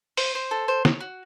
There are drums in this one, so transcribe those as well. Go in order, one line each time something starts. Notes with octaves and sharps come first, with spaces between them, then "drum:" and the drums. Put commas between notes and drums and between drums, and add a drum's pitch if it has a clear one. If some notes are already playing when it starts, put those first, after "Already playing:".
C5, drum: open hi-hat
C5
A4
C5
C#5, drum: snare
F#4